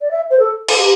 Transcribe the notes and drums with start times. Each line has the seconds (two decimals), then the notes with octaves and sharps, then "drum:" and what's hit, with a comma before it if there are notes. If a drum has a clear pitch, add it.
0.01 D5
0.11 E5
0.30 C5
0.39 A4
0.68 A4, drum: cymbal
0.78 G4